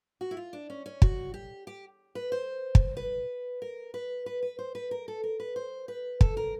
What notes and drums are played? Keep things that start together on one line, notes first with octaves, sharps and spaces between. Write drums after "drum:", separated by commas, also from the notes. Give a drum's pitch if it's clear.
F#4
E4
F4
D4
C#4
C#4
F#4, drum: kick
G4
G4
B4
C5
drum: kick
B4
A#4
B4
B4
B4
C5
B4
A#4
A4
A#4
B4
C5
B4
A4, drum: kick
A#4